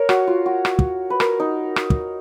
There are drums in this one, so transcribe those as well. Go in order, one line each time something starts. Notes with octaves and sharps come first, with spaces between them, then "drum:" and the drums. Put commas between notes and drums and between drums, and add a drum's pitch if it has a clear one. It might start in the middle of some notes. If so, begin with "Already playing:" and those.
Already playing: A#4 C#5
F#4, drum: rim click
F4
F#4
drum: rim click
drum: kick
B4
A#4, drum: rim click
D#4
drum: rim click
drum: kick